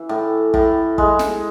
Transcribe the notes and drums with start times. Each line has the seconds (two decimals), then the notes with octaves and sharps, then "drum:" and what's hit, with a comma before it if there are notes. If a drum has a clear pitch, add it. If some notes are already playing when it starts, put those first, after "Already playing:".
Already playing: E3
0.09 A2
0.54 A2, drum: kick
0.98 G#3, drum: kick
1.19 drum: snare